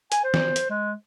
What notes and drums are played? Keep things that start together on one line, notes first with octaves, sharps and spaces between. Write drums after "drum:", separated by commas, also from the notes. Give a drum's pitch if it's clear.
G#5, drum: hi-hat
C5
drum: snare
drum: hi-hat
G#3